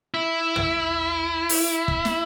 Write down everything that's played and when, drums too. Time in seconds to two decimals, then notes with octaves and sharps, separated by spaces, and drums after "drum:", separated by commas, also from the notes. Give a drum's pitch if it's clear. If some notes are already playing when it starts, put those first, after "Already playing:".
0.14 E4
0.56 drum: tom
1.49 drum: open hi-hat
1.88 drum: kick
2.05 drum: snare